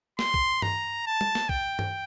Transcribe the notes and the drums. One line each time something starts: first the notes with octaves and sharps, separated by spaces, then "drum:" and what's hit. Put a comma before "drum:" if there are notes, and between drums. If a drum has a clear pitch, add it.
C6, drum: snare
drum: kick
A#5, drum: tom G2
A5
drum: tom
drum: snare
G5, drum: kick
drum: tom G2